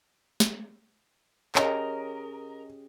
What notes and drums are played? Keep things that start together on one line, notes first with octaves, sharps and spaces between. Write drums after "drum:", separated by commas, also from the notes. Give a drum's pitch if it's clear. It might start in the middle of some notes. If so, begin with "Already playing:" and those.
drum: snare
C#4 G4 G#4 A#4 C#5 D#5, drum: clap